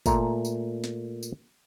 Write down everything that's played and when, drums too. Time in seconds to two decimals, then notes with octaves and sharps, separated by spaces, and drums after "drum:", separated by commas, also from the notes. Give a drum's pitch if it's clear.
0.06 A#2 A3 A#5, drum: kick, tambourine
0.45 drum: tambourine
0.84 drum: snare
1.23 drum: tambourine